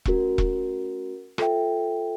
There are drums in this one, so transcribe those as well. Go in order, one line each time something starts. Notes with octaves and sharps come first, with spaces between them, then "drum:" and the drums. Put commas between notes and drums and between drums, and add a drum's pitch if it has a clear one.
A3 C#4 F#4 A#4, drum: kick E1
drum: kick E1
F4 A4 C5 E5 G5, drum: rim click